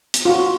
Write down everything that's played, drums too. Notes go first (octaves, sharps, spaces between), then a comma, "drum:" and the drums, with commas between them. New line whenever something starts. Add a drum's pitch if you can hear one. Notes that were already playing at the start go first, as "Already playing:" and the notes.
drum: hi-hat
F4
F#4